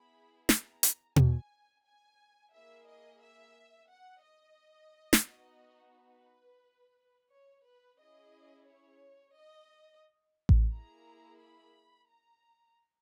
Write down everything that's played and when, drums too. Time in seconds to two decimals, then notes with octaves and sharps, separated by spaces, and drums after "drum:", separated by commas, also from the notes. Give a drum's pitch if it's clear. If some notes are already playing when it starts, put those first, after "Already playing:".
Already playing: B3 E4 G#4 B5
0.49 A#5, drum: snare
0.83 drum: hi-hat
1.16 G#5, drum: tom B2
1.85 G#5
2.53 A#3 E4 G#4 E5
2.88 D#5
3.22 E5
3.90 F#5
4.24 D#5
5.13 drum: snare
5.26 B3 D#4 F#4
5.94 B4
7.31 C#5
7.65 B4
7.99 C#4 E4 G#4 D#5
8.67 C#5
9.35 D#5
10.49 drum: kick A1
10.71 A#3 E4 G#4 A#5
11.40 B5
12.08 A#5